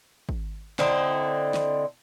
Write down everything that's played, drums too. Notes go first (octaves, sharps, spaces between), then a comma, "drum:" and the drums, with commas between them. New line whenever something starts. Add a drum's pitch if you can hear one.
drum: kick
D3 C4 D#4 E4, drum: snare
drum: snare